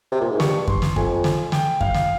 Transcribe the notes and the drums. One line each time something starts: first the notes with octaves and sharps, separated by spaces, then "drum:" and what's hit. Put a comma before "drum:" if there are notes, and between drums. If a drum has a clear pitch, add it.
C3
A#2
G#2
G2 C#6, drum: snare
C6, drum: kick F#2
drum: snare
F2 G#5, drum: kick F#2
drum: snare
G5, drum: snare
F5, drum: kick F#2
drum: snare